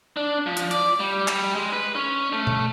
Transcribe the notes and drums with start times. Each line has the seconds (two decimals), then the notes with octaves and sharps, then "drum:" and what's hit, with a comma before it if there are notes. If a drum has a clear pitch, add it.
0.17 D4
0.46 F3
0.57 drum: hi-hat
0.71 D5, drum: hi-hat
1.00 G3
1.28 G3, drum: clap
1.55 G#3
1.72 B4
1.96 C#4
2.33 A3
2.47 drum: tom B2